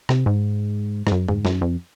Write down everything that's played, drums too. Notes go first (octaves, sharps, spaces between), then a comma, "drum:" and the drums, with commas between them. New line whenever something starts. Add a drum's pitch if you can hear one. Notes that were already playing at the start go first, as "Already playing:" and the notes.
C3, drum: rim click
G#2
G#2, drum: rim click
F#2
G#2, drum: tom F2
F#2, drum: snare
F2